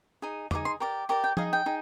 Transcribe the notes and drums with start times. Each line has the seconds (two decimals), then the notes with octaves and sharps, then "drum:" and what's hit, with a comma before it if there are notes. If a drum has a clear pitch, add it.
0.22 D#4 G#4
0.51 D#4 G#4 C5 D#5 D6, drum: tom
0.65 C6
0.80 G4 A#4 D5 D6
1.09 G4 A#4 D5 D6
1.24 G5
1.37 D#4 G#4 D#5 F5, drum: tom F3
1.53 G5
1.66 D#4 G#4